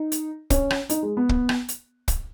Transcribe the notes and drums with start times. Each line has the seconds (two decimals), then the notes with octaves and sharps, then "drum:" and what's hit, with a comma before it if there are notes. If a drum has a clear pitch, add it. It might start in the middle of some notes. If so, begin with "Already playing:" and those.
Already playing: D#4
0.12 drum: hi-hat
0.50 C#4, drum: kick, hi-hat
0.70 drum: rim click
0.90 D#4, drum: hi-hat
1.03 G#3
1.17 B3
1.29 drum: kick
1.49 drum: rim click
1.69 drum: hi-hat
2.08 drum: kick, hi-hat